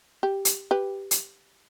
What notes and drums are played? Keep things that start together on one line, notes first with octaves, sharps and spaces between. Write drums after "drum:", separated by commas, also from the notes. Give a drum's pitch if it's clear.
G4
drum: hi-hat
G4 B4
drum: hi-hat